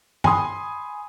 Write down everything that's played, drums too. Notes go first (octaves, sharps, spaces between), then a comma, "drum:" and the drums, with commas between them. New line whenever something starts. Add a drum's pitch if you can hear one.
G#5 B5 C6 D#6, drum: tom G2